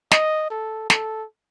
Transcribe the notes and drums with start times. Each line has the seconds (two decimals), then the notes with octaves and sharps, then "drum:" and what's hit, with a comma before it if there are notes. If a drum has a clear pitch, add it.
0.11 D#5, drum: snare
0.50 A4
0.90 A4, drum: snare